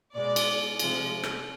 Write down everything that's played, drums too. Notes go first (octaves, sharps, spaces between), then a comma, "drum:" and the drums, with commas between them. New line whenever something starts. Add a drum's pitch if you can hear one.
B2 G#3 D5
drum: cymbal
C3 F3 G#3, drum: cymbal
drum: rim click